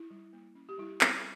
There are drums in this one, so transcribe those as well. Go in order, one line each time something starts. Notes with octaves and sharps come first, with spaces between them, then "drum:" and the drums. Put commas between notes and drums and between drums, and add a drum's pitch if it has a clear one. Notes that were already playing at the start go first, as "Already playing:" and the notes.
Already playing: E4
G3
A#3
C#4
G4
G3 E4
G3, drum: clap